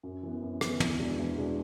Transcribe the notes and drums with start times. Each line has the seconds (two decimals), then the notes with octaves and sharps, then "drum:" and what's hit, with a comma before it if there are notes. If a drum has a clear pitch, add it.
0.03 F#2
0.23 E3 B3
0.42 F#2
0.61 E3 B3, drum: rim click
0.80 E2, drum: tom
0.99 B2 G#3 D4
1.19 E2
1.37 B2 G#3 D4